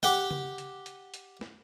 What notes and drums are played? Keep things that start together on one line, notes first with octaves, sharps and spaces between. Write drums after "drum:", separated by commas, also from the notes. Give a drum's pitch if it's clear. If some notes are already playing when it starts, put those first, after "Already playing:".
G4 F#5 G5, drum: snare
drum: tom C#3
drum: hi-hat
drum: hi-hat
drum: hi-hat
drum: snare